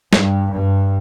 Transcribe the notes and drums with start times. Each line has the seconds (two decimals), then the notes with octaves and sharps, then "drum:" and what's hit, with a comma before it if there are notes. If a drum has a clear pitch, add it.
0.13 G2, drum: snare
0.51 G2